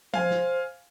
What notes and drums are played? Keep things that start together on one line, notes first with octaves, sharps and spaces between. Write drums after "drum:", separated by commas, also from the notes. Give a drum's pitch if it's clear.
C5 F5 G#5, drum: tom F3
drum: snare